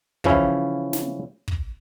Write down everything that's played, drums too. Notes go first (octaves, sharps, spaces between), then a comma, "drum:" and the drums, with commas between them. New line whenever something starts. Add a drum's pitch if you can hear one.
C#3 E3 F3 C#4 E4, drum: kick
drum: snare
drum: kick